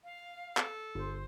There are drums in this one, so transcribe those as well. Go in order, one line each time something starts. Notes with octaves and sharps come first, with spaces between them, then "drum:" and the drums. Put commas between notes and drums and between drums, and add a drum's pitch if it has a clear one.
F5
A4, drum: clap
G1 C5